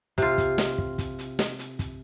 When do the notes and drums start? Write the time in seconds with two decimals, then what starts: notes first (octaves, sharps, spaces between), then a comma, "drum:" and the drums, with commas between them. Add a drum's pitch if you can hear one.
0.18 C3 F4, drum: kick, hi-hat
0.38 drum: kick, hi-hat
0.58 drum: snare
0.78 drum: kick
0.98 drum: kick, hi-hat
1.19 drum: hi-hat
1.39 drum: snare
1.59 drum: hi-hat
1.79 drum: kick, hi-hat